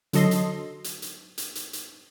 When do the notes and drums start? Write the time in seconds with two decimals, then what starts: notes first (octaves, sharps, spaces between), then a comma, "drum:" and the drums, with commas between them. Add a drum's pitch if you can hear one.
0.13 D3 F#3 A4 D#5 C6, drum: hi-hat
0.31 drum: hi-hat
0.84 drum: hi-hat
1.02 drum: hi-hat
1.38 drum: hi-hat
1.55 drum: hi-hat
1.73 drum: hi-hat